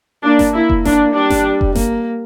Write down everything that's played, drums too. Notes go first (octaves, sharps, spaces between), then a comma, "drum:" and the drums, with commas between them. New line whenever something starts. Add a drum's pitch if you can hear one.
A#3 D4
drum: snare G1
A#3 E4
drum: kick F1
D4, drum: snare G1
G3 D4
drum: snare G1
drum: kick F1
A#3, drum: snare G1